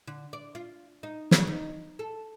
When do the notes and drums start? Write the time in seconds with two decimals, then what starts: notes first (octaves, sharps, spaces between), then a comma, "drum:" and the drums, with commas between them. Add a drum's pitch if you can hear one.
0.07 D3
0.33 D5
0.55 F4
1.03 D#4
1.31 C#3, drum: snare
1.47 D#4
1.99 A4